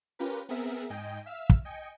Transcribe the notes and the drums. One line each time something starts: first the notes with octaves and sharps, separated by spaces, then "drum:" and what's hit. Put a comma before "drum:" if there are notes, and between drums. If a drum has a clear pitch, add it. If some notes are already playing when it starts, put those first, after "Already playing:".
C#4 F4 G4 A#4 B4
B3 C4 G#4 A#4 E5
G#2 D#5 G5 G#5
E5 F5 E6 F6
drum: kick
D#5 G5 G#5 C#7